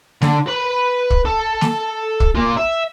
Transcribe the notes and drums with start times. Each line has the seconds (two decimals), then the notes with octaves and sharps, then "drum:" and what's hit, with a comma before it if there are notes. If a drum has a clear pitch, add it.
0.22 D3, drum: snare
0.47 B4 B5
1.10 drum: kick
1.25 A4
1.61 drum: snare
2.20 drum: kick
2.35 A#3 F4
2.57 E5